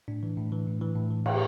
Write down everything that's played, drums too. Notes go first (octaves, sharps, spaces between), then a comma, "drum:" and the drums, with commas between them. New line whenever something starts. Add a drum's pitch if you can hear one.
A2 D4
E3
A2
E3
A2
E3
A2
E3
A2, drum: cymbal